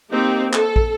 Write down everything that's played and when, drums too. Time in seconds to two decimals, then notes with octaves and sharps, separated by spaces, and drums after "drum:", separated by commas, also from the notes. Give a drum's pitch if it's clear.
0.11 A#3 C4 D#4 G4
0.53 A4, drum: clap
0.76 drum: kick